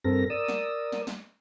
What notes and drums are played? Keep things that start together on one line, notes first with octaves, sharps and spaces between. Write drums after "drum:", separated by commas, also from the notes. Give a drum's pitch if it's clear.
G2 C4 A4 A#4 A#6
A#4 D5 D#6 E6
drum: snare
drum: snare
drum: snare